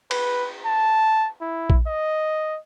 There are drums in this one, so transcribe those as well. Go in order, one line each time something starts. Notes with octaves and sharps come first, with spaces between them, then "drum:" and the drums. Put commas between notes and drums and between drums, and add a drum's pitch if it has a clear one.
B4, drum: cymbal
A5
E4
drum: kick A#1
D#5